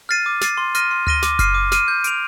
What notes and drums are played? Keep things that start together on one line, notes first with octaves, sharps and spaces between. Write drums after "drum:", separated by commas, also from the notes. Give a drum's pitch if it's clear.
F6 A6 C7 D#7
D6
F6 A6 C7 D#7, drum: snare
C6
F6 A#6 D#7 G7, drum: hi-hat
C6
F6 A#6 D#7 G7, drum: tom D2
D6, drum: snare
F6 C7 D#7, drum: kick F#1, hi-hat
D6
F6 C7 D#7, drum: snare
G6
D7 F7, drum: hi-hat